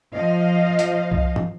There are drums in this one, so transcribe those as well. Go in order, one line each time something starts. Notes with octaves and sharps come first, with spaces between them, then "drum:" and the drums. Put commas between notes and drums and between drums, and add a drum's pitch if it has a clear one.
F3 D#5 F5
drum: hi-hat
drum: kick C2
drum: tom